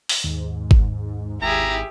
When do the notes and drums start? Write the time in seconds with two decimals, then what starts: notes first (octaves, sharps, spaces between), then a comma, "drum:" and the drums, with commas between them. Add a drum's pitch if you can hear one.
0.09 drum: open hi-hat
0.24 D#2 G#2
0.71 drum: kick
1.42 G#1 E4 G4 G#4 A#5